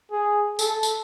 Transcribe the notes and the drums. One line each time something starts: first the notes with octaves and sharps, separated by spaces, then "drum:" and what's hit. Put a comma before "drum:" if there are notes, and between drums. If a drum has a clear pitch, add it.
G#4
A4, drum: tambourine
drum: tambourine